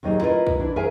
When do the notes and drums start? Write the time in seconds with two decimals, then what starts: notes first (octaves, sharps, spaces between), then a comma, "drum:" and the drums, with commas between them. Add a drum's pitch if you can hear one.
0.03 D#2 A#2 F#3 D#4 G#4
0.21 E4 F4 A#4 B4 C#5 D#5
0.47 drum: kick A#1
0.59 E3 D4 E4
0.76 G#4 A#4 C5 E5 F5 G#5